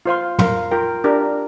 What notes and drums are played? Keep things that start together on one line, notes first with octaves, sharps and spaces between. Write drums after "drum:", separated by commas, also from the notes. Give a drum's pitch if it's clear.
F4 C5 F5 C6
A#4 F5 C6, drum: tom
F4 A#4 G5
D4 G4 A#4